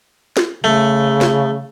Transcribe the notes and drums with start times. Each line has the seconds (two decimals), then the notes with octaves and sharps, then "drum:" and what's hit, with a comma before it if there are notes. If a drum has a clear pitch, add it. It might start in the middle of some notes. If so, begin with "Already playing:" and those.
0.37 drum: snare
0.64 C#3 A3
1.21 drum: snare